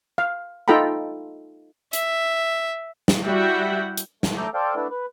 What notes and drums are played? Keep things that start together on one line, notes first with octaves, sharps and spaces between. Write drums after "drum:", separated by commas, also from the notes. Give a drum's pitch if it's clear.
F5
D#4 F4 A4 G5 A#5 B5
E5, drum: hi-hat
drum: snare
G3 E4 F#4 E5 F#5 G5
drum: hi-hat
A3, drum: snare
A3 A4 A#5 D6 G6
A4 C5 D5 F5 G5
A3 B3 D4 E4
B4